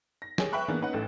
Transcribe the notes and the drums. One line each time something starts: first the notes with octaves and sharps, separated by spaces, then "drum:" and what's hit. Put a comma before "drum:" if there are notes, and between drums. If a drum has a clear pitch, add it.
A#6
G4 G#4 C#5, drum: snare
B4 E5 G5 B5 C#6 F#6
E3 A#3 B3 D4 G#4
C#4 D#4 B4 F#5
A1 A2